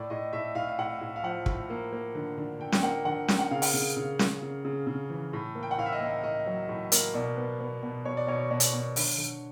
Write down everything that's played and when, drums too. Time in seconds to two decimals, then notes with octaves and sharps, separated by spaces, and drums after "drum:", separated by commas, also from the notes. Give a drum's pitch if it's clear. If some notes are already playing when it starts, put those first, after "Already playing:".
Already playing: A2 D5
0.10 A2 D#5
0.33 A2 E5
0.55 A2 F5
0.68 F5
0.78 A2 F#5
1.01 A2
1.16 F5
1.23 F3 F#5
1.46 A2, drum: kick
1.70 A#3
1.93 A#3
2.15 D3
2.38 D3
2.60 D3 G5
2.72 G5, drum: snare C#4
2.83 A#3 F#5
3.05 D3 F#5
3.28 A#3 G5, drum: snare C#4
3.39 F#5
3.51 C#3 F5
3.62 F#5, drum: open hi-hat
3.74 C#3
3.97 C#3
4.19 C#3, drum: snare C#4
4.42 C#3
4.65 C#3
4.87 C#3
5.10 E3
5.33 A2
5.55 A#3
5.63 G5
5.71 F#5
5.78 A2 F5
5.86 E5
5.93 D#5
6.00 A#3
6.23 A2 D#5
6.46 F#3
6.69 A2
6.92 A#3, drum: hi-hat
7.14 B2 D5
7.37 B3
7.60 B3
7.83 B2
8.05 B2 C#5
8.17 D5
8.27 B2 C#5
8.51 B2 C#5
8.60 drum: hi-hat
8.73 B2
8.96 D3, drum: open hi-hat
9.18 D3